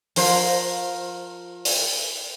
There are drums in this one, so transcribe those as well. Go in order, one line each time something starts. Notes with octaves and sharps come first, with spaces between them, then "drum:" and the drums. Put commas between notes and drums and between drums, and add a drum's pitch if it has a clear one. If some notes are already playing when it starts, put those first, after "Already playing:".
F3 A#4 C5, drum: open hi-hat
drum: open hi-hat